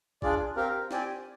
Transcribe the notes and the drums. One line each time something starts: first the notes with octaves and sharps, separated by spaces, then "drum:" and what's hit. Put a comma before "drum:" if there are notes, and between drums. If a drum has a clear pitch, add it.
D4 F4 G#4 D5, drum: kick
C4 G4 A#4 F5
C4 G4 D5 G#5, drum: snare